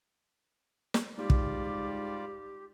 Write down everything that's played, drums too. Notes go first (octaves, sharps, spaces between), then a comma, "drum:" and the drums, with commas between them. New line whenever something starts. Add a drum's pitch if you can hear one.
drum: snare
G#2 G3 F4 G4 D5
drum: kick